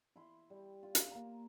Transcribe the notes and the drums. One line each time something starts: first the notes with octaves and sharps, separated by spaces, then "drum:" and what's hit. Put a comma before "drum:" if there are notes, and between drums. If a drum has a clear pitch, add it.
E4 B5 C6
G3
F4
drum: hi-hat
A#3 A#5